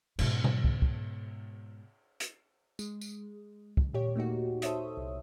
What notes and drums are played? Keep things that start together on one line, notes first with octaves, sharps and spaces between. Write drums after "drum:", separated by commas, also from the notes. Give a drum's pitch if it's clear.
G#2 B2, drum: cymbal
drum: tom B2
drum: kick
drum: kick
drum: hi-hat
G#3, drum: tambourine
drum: tambourine
drum: kick
D#2 A#2 G4 C#5
A3 A#3 D#4 F#4
A4 C5 C#5 E5 D#6, drum: hi-hat
C2